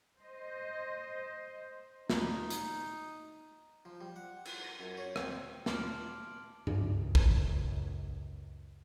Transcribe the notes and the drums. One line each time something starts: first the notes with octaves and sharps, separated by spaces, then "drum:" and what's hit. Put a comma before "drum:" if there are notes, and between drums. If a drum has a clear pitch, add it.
C5 D#5
D#4, drum: snare
drum: hi-hat
F3
G3
F#5
F#5, drum: cymbal
A#5
F#2
C#5
C4, drum: rim click
A5 C6 D6 F6 D7 F#7, drum: snare
C#2 F#2, drum: tom G2
drum: kick